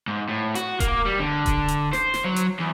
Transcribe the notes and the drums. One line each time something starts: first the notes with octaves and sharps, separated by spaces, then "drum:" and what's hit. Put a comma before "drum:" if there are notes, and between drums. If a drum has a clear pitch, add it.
G#2
A2
F#4, drum: hi-hat
A#3, drum: kick D#1, hi-hat
G3
D3
drum: kick D#1, hi-hat
drum: hi-hat
C5, drum: snare
drum: snare
F#3
drum: hi-hat
E2